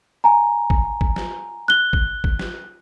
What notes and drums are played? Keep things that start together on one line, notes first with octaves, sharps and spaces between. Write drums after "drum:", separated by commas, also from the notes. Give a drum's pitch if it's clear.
G#5 A#5
drum: kick
drum: kick
drum: snare
F#6 G7
drum: kick
drum: kick
drum: snare